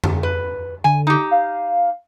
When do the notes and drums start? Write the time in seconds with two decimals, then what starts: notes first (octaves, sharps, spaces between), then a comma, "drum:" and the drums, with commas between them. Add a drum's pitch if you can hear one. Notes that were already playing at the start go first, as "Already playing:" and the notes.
0.04 drum: tom F2
0.23 B4
0.84 D3 G#5
1.07 D#4 G4
1.31 F5